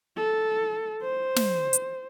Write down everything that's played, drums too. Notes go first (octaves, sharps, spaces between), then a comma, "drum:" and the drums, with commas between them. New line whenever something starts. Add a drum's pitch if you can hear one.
A4
C5
drum: snare
drum: hi-hat